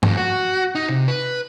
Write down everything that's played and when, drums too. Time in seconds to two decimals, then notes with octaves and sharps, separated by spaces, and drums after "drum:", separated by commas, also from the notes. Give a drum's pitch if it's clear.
0.03 F2, drum: tom G2
0.17 F#4
0.75 D#4
0.89 C3
1.08 B4